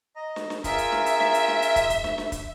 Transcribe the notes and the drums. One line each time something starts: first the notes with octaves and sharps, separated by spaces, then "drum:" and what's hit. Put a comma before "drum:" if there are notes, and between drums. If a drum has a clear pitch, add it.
D#5 A#5
drum: snare
drum: snare
F4 G#4 A#4 E5, drum: kick, hi-hat
drum: hi-hat
drum: snare
drum: hi-hat
drum: snare
drum: hi-hat
drum: snare
drum: hi-hat
drum: kick, hi-hat
drum: kick, hi-hat
drum: snare
drum: snare
drum: kick, hi-hat